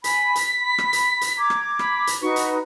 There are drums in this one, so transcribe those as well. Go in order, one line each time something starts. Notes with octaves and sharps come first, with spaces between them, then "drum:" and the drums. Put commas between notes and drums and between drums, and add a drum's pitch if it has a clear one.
G#5 B5 B6, drum: hi-hat
drum: hi-hat
B5
drum: rim click
drum: hi-hat
drum: hi-hat
A#5 D6 G#6
drum: rim click
B5, drum: rim click
drum: hi-hat
D#4 F#4 B4 C#6
drum: hi-hat